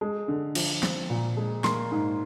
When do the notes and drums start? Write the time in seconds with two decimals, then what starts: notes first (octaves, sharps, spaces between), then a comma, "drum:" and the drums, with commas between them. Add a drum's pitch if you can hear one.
0.01 G#3
0.28 D3
0.55 F3, drum: cymbal
0.83 C4, drum: snare
1.10 A#2
1.37 G#3
1.64 A#3 C6, drum: snare
1.91 G#2